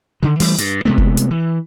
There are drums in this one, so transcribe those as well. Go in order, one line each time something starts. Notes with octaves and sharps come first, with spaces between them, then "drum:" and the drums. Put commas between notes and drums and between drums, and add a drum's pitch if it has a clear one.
D3 D#3
E3 G3 A3, drum: open hi-hat
G2, drum: hi-hat
C3 G#3 A3 B3
drum: kick F1
drum: hi-hat
E3